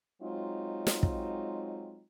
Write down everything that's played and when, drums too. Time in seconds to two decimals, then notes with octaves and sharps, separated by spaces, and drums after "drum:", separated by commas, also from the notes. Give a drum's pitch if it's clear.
0.22 F#3 G#3 C4 D#4 F4
0.87 drum: snare
1.03 drum: kick